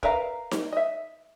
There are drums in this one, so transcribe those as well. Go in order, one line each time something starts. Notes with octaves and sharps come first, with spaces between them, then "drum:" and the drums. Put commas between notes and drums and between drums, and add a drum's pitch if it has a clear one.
A#4 B4 E5 F5 A#5, drum: kick
drum: snare D#4
D#5 E5